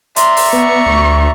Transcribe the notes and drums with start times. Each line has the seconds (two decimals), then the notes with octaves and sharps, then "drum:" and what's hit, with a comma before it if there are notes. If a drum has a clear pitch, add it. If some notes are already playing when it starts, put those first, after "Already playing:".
0.16 D5 E5 A#5 C6, drum: hi-hat
0.37 drum: open hi-hat
0.53 B3 C#6
0.86 D2